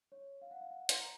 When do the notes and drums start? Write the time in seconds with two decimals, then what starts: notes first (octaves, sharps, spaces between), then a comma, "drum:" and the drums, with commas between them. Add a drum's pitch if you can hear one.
0.12 C#5
0.41 F5
0.51 F#5
0.61 F5
0.71 F#5
0.89 C6, drum: hi-hat
1.00 A#5